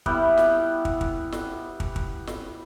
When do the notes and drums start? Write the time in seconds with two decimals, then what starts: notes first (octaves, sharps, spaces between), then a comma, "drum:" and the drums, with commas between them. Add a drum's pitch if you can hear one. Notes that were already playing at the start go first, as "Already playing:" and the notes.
0.06 G3 B3 E4 G5, drum: kick
0.38 drum: snare
0.85 drum: kick
1.01 drum: kick
1.32 drum: snare
1.80 drum: kick
1.96 drum: kick
2.27 drum: snare